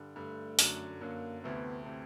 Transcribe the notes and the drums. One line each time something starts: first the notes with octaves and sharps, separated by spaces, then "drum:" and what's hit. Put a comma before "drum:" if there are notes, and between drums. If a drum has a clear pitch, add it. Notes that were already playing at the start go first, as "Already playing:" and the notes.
Already playing: G2 D3 G3
G2 D3 G3 A3
F#2 D3 F#3, drum: open hi-hat
F#2 D3 F#3 A#3
D2 C3 E3 A3 B3 C4
C3 E3 A3 C4